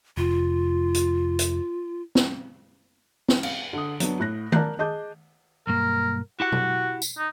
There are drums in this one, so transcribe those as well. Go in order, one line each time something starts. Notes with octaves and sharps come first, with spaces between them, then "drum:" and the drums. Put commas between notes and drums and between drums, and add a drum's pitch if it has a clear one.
F1 F4
drum: hi-hat
drum: hi-hat
drum: snare
drum: snare
F5, drum: cymbal
D3 D#6
F#3 B3 D4, drum: hi-hat
A2 F#6 A#6
A#4 D5 A5 A#5 F#6 G6, drum: tom D#3
G#4 D#5 A5 D6 G6
B1 G2 A#3 A#4
E4 F#4 G4 F#5
drum: tom B2
drum: tambourine
D#4